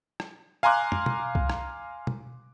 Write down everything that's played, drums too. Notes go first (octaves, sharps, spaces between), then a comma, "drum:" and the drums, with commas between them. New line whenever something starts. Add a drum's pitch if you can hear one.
drum: rim click
F5 G#5 A#5 C6 D6 F#6
drum: tom
drum: tom B2
drum: kick C2
drum: rim click
drum: tom B2